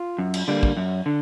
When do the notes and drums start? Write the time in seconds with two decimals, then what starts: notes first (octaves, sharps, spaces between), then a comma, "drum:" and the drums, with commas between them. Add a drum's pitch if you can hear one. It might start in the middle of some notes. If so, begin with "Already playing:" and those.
Already playing: F4
0.19 F#2
0.34 drum: cymbal
0.48 D3 G3 A#3
0.63 drum: kick
0.77 F#2
1.06 D3